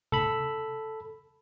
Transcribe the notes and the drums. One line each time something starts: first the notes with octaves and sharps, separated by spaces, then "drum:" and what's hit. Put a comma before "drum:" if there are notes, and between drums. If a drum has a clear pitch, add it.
A4 B5, drum: tom C3